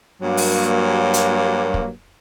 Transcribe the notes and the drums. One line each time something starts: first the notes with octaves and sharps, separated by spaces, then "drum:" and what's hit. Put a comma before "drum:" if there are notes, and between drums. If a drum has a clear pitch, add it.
G2 F#3 A#3
drum: open hi-hat
drum: hi-hat
drum: kick